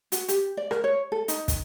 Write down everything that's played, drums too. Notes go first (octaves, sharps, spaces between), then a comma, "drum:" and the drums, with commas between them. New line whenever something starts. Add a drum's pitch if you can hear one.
F#4, drum: hi-hat
G4, drum: hi-hat
D5
A#4, drum: rim click
C#5
A4
D#4, drum: hi-hat
drum: kick, hi-hat